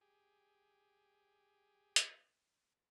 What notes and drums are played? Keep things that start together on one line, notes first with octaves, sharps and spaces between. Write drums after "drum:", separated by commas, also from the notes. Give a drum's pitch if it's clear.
G4 G#4
drum: hi-hat